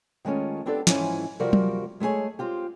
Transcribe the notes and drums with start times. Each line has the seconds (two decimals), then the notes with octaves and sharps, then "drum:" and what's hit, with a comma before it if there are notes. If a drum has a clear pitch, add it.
0.25 D#3 G#3 A3 C#4 F4
0.66 B3 C4 D4 G4 A4 D5
0.87 G#2 E3 F3 C#4 E4 G#5, drum: snare
1.40 C3 F3 G3 F#4 A#4 D5
1.53 drum: tom F#3
2.00 G#3 A3 B3 G#4 C#5
2.39 C4 F4 G4